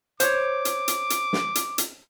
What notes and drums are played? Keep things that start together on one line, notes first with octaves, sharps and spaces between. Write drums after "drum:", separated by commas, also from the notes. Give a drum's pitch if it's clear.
C5 C#5 D6, drum: hi-hat
drum: hi-hat
drum: hi-hat
drum: hi-hat
drum: snare
drum: hi-hat
drum: hi-hat